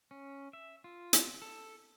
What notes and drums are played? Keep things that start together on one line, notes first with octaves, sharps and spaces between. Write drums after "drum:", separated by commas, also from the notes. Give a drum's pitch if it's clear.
C#4
E5
F4
drum: hi-hat
A4